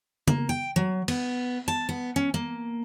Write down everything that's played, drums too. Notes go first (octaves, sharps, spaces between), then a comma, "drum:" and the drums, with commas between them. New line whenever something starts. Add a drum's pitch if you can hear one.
A#3, drum: tom C#3
G5
F#3
B3, drum: cymbal
A5
B3
C#4
A#3